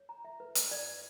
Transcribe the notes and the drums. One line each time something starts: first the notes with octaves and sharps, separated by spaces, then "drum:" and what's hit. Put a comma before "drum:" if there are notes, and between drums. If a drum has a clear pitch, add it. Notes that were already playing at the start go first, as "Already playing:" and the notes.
Already playing: C#5
A#5
E5
B4
B4, drum: hi-hat
D5
D5